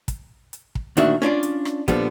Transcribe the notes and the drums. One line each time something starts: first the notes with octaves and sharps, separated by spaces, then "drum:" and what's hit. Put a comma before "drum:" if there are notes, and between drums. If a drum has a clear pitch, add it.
drum: kick, hi-hat
drum: hi-hat
drum: kick
D2 A#2 D#3 D4 F#4 E5, drum: hi-hat
C#4 D4 F4 D5
drum: hi-hat
drum: rim click
A#2 D3 F3 G3 B3, drum: kick, hi-hat